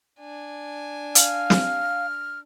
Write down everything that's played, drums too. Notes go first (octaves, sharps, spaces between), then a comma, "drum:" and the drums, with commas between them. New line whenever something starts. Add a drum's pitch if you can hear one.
D4 G#5
F5 F6, drum: hi-hat
drum: snare